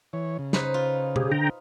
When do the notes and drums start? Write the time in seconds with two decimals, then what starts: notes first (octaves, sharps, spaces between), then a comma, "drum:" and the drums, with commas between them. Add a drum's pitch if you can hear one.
0.13 E3 C#5
0.39 C#3
0.53 D#4 B4 C5, drum: snare
0.74 F4
1.16 G4 G#4, drum: tom
1.32 D3 G5 A#5